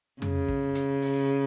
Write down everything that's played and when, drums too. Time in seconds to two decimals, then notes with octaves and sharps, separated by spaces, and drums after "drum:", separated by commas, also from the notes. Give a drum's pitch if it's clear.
0.22 C#3, drum: tom F2
0.48 drum: kick
0.75 drum: hi-hat
1.02 drum: open hi-hat